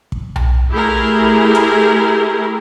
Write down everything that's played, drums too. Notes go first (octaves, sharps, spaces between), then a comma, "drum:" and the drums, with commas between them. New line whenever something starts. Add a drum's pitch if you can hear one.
drum: kick
drum: tom B1
A3 E4 G4 G#4 A#4
drum: hi-hat